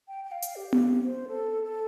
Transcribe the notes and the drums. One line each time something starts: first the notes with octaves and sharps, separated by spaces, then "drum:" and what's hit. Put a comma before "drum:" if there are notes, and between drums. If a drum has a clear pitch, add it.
G5
G5
F5
drum: hi-hat
G4
drum: tom B3
C5
A4
A4